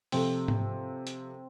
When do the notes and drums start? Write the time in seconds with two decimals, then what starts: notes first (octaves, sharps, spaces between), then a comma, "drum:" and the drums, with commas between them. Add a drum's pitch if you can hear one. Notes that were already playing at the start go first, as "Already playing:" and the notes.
0.12 C3 F3 A3 C4, drum: open hi-hat
0.48 drum: tom G#2
1.07 drum: hi-hat